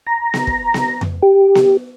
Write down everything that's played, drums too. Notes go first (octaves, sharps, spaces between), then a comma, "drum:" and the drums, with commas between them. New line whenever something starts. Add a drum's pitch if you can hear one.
A#5
drum: snare B3
drum: kick
drum: snare B3
drum: tom F2
G4
drum: snare B3